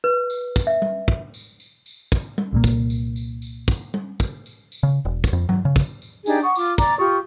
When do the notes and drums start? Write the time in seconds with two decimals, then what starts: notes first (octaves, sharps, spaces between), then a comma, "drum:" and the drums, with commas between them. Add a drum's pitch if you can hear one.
0.04 B4
0.30 drum: tambourine
0.56 drum: kick, tambourine
0.67 E5
0.82 drum: tom G3
1.08 drum: kick
1.34 drum: tambourine
1.60 drum: tambourine
1.86 drum: tambourine
2.12 drum: kick, tambourine
2.38 drum: tom G3
2.53 C2 A#2 A#3
2.64 drum: kick, tambourine
2.90 drum: tambourine
3.16 drum: tambourine
3.42 drum: tambourine
3.68 drum: kick, tambourine
3.94 drum: tom G3
4.20 drum: kick, tambourine
4.46 drum: tambourine
4.72 drum: tambourine
4.83 C#3
5.05 E1
5.24 drum: kick, tambourine
5.33 F2
5.49 F#3, drum: tom G2
5.65 C#3
5.76 drum: kick, tambourine
6.02 drum: tambourine
6.26 D4 D#4 G4 G#4, drum: tambourine
6.43 F#5 C#6 D#6
6.55 F4 D6, drum: tambourine
6.78 D5 A#5 D6, drum: kick, tambourine
6.98 F4 G4 C#6 D#6